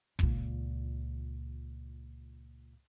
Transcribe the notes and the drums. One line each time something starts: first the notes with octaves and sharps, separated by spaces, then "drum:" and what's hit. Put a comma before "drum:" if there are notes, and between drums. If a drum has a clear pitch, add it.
C#2 A#2, drum: kick